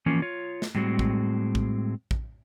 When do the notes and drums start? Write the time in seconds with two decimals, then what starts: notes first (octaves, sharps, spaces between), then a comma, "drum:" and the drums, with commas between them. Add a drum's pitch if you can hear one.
0.06 E3 F3 A#3 C#4
0.22 F4 C#5
0.62 drum: snare
0.75 A2 G3 G#3 C4 F#4
0.99 drum: kick
1.55 drum: kick
2.11 drum: kick